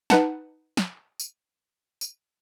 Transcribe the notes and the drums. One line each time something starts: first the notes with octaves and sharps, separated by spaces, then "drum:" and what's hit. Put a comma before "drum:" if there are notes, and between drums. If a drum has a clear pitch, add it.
D#4 B4 F#5 A5, drum: snare
drum: snare
drum: tambourine
drum: tambourine